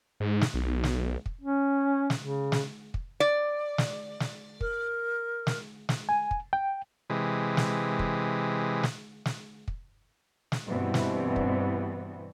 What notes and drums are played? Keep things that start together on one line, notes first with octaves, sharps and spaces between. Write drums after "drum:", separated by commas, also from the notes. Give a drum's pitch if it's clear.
G#2
drum: snare
B1
drum: snare
drum: kick
C#4
drum: snare
C#3
drum: snare
drum: kick
D5
drum: snare
drum: snare
A#4, drum: kick
drum: snare
drum: snare
G#5
drum: kick
G5
C3 E3 G#3
drum: snare
drum: kick
drum: snare
drum: snare
drum: kick
drum: snare
G2 B2 E3 G3 B3 C4
drum: snare
drum: kick